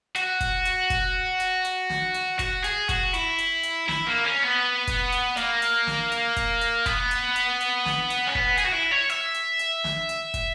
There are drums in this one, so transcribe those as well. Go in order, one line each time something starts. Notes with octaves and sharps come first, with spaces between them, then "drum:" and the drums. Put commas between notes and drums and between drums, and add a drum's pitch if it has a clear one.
F#4, drum: hi-hat
drum: kick, hi-hat
drum: hi-hat
drum: kick, hi-hat
drum: hi-hat
drum: hi-hat
drum: snare
drum: hi-hat
F#4, drum: kick, hi-hat
G#4, drum: hi-hat
F#4, drum: kick, hi-hat
E4, drum: hi-hat
drum: hi-hat
drum: hi-hat
E4, drum: snare
A#3
C#4
B3
drum: kick, hi-hat
drum: hi-hat
A#3, drum: hi-hat
drum: hi-hat
drum: snare
drum: hi-hat
drum: kick, hi-hat
drum: hi-hat
B3, drum: kick, hi-hat
drum: hi-hat
drum: hi-hat
drum: hi-hat
drum: snare
drum: hi-hat
C#4
B3, drum: kick
G#4, drum: hi-hat
F#4
E4
C#5
E5, drum: hi-hat
drum: hi-hat
drum: hi-hat
drum: snare
drum: hi-hat
drum: kick, hi-hat